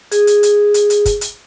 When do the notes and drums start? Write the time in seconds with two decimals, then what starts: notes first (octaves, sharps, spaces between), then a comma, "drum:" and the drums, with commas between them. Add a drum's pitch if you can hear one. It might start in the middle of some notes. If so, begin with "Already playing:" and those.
0.12 G#4, drum: hi-hat
0.27 drum: hi-hat
0.43 drum: hi-hat
0.74 drum: hi-hat
0.90 drum: hi-hat
1.06 drum: kick, hi-hat
1.21 drum: hi-hat